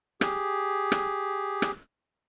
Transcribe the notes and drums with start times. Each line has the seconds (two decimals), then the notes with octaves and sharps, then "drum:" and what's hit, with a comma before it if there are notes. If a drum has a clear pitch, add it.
0.21 G4 G#4, drum: rim click
0.92 drum: rim click
1.62 drum: rim click